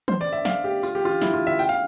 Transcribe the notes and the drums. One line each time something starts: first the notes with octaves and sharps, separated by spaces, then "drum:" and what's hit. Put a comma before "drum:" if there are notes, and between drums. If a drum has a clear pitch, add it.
C5, drum: tom E3
D5
E5
F5, drum: snare
G4
F4, drum: tambourine
G4
F4
E4, drum: snare
F4
E5
G5, drum: tambourine
F5